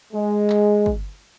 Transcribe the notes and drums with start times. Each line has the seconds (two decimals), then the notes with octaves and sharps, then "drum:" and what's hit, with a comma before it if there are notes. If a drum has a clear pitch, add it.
0.13 G#3
0.50 drum: clap
0.86 drum: kick